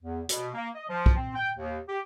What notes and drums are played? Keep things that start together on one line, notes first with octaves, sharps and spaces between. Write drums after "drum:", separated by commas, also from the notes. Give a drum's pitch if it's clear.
E2
B2, drum: hi-hat
A#3
D#5
F3
drum: kick
C4
G5
D#2
G4